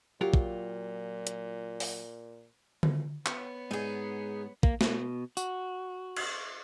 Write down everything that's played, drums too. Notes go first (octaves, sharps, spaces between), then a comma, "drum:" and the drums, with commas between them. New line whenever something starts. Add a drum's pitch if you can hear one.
A#2 F#3 F4 G4 A#4
drum: kick
drum: hi-hat
drum: open hi-hat
drum: tom D3
B3 C#5, drum: clap
G#2 D#4 G#4
A#3, drum: kick
B2, drum: snare
F#4, drum: tambourine
drum: cymbal